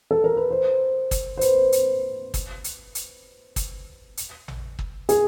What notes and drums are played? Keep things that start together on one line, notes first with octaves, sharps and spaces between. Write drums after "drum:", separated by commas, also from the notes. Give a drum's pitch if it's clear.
A4
A#4
B4
C5
drum: kick, hi-hat
C5
B4, drum: hi-hat
drum: hi-hat
drum: kick, hi-hat
drum: hi-hat
drum: hi-hat
drum: kick, hi-hat
drum: hi-hat
drum: tom A1
drum: kick
G#4, drum: hi-hat